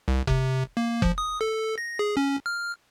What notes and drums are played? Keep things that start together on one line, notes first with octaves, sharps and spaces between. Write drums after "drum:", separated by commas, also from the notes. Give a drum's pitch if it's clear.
C2
C3, drum: kick F1
A#3
F3, drum: kick F1
D#6
A4
A#6
G#4
C#4
F6